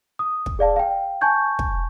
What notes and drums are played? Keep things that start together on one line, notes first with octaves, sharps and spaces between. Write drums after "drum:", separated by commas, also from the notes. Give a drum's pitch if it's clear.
D#6
drum: kick
G#4 D5 F5 A5
F5 G5
G#5 A5 C#6 G6 G#6
drum: kick